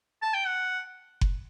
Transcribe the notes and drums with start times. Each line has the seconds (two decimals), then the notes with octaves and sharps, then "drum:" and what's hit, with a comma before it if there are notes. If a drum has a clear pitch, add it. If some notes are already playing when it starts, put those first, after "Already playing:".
0.22 A5
0.34 G5
0.46 F#5
1.21 drum: kick F#1